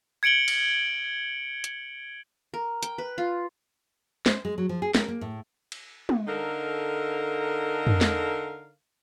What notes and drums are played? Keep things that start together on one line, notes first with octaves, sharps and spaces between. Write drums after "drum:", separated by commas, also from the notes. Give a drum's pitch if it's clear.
G#6 C#7 D7 F#7 G7
drum: cymbal
drum: hi-hat
A#4
G5, drum: hi-hat
B4
F4
C5, drum: snare
G#3
F#3
F3
G#4
A#4, drum: snare
A#3
A2
drum: cymbal
drum: tom
D3 D#4 A4 A#4 F5
drum: tom
drum: snare